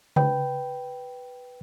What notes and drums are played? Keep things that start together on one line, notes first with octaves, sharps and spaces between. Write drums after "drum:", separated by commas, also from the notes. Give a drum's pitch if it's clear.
B4 G5, drum: tom C#3